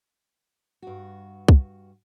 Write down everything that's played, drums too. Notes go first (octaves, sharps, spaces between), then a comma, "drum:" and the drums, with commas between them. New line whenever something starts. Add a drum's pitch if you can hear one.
G2 F#4
drum: kick C2